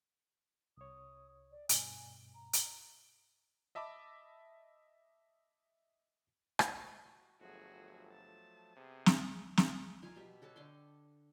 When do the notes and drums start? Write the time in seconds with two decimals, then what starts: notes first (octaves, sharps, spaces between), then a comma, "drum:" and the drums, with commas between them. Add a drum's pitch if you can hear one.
0.77 C2 C#5 D#6
1.52 D5
1.69 G2 B2 G#5, drum: hi-hat
2.34 A#5
2.53 drum: hi-hat
3.75 D#5 E5 A5 B5 D6
6.59 drum: rim click
7.05 F#4
7.40 G1 F3 F#3 A3 F#4 G#4
8.12 A5
8.76 C3 B3 G#4
9.06 drum: snare
9.57 drum: snare
10.03 F4 A#4 F5 G#5
10.15 B2 G4 E5
10.42 F#4 A4 C#5 A5
10.56 D3 G5 A5 C6